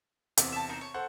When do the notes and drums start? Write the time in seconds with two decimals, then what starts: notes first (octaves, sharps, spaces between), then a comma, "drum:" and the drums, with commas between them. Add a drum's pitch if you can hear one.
0.37 E2 C3, drum: hi-hat
0.52 E5 A5
0.69 D#4 A#4 C5
0.81 C#5
0.94 A4 C5 F#5